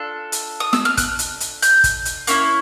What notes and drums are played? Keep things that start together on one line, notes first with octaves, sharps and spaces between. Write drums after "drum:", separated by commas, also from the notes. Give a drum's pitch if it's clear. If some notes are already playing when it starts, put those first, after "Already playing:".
Already playing: D4 F4 A4
drum: hi-hat
D#6
E6, drum: snare
F6
F#6, drum: kick, hi-hat
drum: hi-hat
drum: hi-hat
G6, drum: hi-hat
drum: kick, hi-hat
drum: hi-hat
A#3 C#4 E4, drum: hi-hat